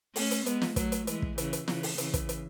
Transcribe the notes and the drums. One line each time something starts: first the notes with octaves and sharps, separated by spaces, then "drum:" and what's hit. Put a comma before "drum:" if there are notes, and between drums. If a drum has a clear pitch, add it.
A3 C#4, drum: open hi-hat
drum: hi-hat
G#3 B3, drum: hi-hat
drum: snare
F#3 A3, drum: kick, hi-hat
drum: hi-hat
E3 G#3, drum: hi-hat
drum: kick
C#3 E3, drum: hi-hat
drum: hi-hat
C#3 E3, drum: snare
drum: open hi-hat
C#3 E3, drum: hi-hat
drum: kick, hi-hat
drum: hi-hat